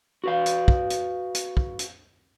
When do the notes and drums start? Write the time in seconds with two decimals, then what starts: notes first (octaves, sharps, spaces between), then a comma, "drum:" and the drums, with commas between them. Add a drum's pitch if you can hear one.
0.24 F#4 B4 F5
0.46 drum: hi-hat
0.68 drum: kick
0.90 drum: hi-hat
1.35 drum: hi-hat
1.57 drum: kick
1.79 drum: hi-hat